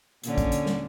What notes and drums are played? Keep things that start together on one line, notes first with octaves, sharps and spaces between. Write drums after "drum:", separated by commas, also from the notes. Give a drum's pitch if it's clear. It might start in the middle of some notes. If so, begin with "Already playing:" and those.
A#2 D3 C#4, drum: hi-hat
drum: kick, hi-hat
drum: hi-hat
drum: snare